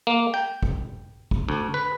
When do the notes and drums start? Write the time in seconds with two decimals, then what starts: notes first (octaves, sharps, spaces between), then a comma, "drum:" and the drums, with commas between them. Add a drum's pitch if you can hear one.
0.07 A#3
0.34 G5
0.63 drum: kick
1.31 drum: kick
1.49 D2
1.74 B4